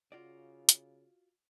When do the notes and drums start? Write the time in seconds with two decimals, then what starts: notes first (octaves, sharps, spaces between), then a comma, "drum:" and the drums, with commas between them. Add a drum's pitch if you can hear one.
0.12 C#3 F4 F#4 D5
0.69 drum: hi-hat